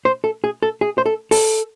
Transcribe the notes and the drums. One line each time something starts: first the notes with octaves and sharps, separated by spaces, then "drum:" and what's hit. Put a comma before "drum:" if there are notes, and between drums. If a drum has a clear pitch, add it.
C5
A4
G#4
A4
G#4
C5
A4
A4, drum: open hi-hat